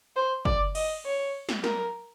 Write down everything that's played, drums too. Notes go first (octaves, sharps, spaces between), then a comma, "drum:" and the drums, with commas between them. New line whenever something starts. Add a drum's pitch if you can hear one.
C5
D5, drum: kick
D#5, drum: cymbal
C#5
drum: snare
A#4, drum: snare